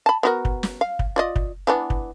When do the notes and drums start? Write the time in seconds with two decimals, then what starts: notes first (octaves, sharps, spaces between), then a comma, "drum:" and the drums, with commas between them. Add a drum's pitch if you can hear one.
0.06 A5 B5
0.23 B3 F#4 A#4
0.45 drum: kick
0.63 drum: snare
0.81 F5
0.99 drum: kick
1.16 F4 D5 D#5
1.36 drum: kick
1.67 E3 B3 D4
1.90 drum: kick